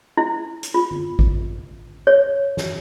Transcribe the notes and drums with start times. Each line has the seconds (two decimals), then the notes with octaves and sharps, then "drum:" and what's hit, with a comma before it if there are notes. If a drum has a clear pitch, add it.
0.17 E4
0.63 drum: hi-hat
0.74 F4
0.91 drum: tom D3
1.19 drum: kick G#1
2.07 C#5
2.57 drum: snare